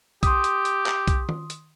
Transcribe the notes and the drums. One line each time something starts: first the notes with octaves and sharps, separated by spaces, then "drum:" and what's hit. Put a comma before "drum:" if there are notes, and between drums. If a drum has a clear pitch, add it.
G4 C6 D#6, drum: kick B1, hi-hat
drum: hi-hat
drum: hi-hat
drum: clap
drum: kick B1, hi-hat
drum: tom D#3
drum: hi-hat